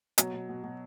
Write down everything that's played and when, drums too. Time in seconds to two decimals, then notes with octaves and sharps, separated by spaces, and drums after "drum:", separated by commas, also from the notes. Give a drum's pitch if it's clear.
0.18 B2 F#3, drum: hi-hat
0.34 B2
0.49 B2
0.63 B2